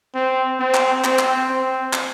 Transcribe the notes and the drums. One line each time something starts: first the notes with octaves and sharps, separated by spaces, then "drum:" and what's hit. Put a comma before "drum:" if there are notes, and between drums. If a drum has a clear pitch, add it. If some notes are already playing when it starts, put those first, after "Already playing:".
C4
C4
drum: clap
C4, drum: clap
drum: clap
C4
drum: clap